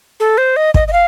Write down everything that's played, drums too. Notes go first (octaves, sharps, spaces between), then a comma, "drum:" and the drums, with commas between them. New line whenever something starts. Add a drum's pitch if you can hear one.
A4
C5
D#5
D#5, drum: kick
D#5
F5